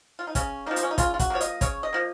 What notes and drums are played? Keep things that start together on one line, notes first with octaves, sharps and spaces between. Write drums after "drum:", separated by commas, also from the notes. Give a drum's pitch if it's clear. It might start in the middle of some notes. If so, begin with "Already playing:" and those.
F4
D#4
C#3 C#4, drum: kick, hi-hat
F3 A#3 D#4
C4, drum: hi-hat
C#4
D#4
C#3 F4, drum: kick, hi-hat
F4
F#4, drum: kick, hi-hat
F3 A#3 C#5
D#5, drum: hi-hat
C#3 C#5, drum: kick, hi-hat
D#5
F3 A#3